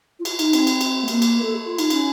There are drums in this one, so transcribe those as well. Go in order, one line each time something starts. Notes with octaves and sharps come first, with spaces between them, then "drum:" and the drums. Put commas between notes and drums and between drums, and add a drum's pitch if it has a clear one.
F4
F#4, drum: cymbal
D#4, drum: cymbal
C4, drum: cymbal
drum: cymbal
drum: cymbal
A3
A#3, drum: cymbal
drum: cymbal
A4
F#4
F4
D#4, drum: cymbal
C#4, drum: cymbal